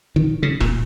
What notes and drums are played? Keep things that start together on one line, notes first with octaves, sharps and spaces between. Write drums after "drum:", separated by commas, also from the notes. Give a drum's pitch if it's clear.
D#3
C#3
A#2, drum: kick E1